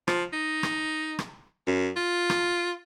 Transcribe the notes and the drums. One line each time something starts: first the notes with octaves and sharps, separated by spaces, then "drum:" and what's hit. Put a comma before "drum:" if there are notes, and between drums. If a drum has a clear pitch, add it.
F3, drum: rim click
D#4
drum: rim click
drum: rim click
F#2
F4
drum: rim click